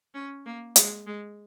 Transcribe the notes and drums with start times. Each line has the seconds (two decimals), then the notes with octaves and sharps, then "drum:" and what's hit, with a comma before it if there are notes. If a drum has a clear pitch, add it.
0.15 C#4
0.46 A#3
0.76 G#3, drum: hi-hat
1.07 G#3